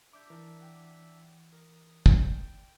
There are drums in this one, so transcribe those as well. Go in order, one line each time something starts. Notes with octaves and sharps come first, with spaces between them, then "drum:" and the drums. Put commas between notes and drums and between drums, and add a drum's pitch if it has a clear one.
D4 E5 D6 G6
E3 A#4 A5
F#5 G5 D6
A#4 D#6
drum: kick
D5 G5